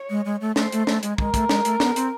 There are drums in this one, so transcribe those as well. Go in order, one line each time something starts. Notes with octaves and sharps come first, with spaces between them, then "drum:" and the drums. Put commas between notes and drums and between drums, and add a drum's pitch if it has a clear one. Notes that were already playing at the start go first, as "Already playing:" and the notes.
Already playing: C#5
G#3
G#3
A3
A3 C5, drum: snare
A3, drum: hi-hat
A3, drum: snare
G#3, drum: hi-hat
G#3 A#4, drum: kick
A3, drum: kick, hi-hat
G#3, drum: snare
A3, drum: hi-hat
B3, drum: snare
C4, drum: hi-hat